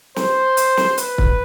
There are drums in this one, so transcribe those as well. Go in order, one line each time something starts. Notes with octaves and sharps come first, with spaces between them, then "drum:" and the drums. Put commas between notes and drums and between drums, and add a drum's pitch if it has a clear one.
C5, drum: snare
drum: hi-hat
drum: snare
B4, drum: hi-hat
drum: kick